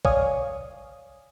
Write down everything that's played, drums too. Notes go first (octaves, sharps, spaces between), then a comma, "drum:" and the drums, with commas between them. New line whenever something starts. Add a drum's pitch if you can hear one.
C#5 D5 F5 G#5 C#6 D#6, drum: kick B1